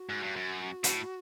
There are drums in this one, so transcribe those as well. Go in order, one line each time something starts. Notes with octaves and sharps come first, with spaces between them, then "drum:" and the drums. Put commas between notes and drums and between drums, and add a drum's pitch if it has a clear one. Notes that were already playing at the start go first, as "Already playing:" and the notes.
Already playing: F#4
G#2
G2
F#2
A2, drum: hi-hat